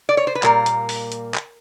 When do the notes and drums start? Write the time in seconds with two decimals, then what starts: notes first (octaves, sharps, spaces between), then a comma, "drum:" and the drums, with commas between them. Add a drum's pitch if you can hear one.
0.09 D5
0.17 C#5
0.27 C5
0.35 B4
0.43 A#2 G3 A#3 A#4, drum: clap
0.66 drum: hi-hat
0.89 drum: open hi-hat
1.12 drum: hi-hat
1.34 drum: clap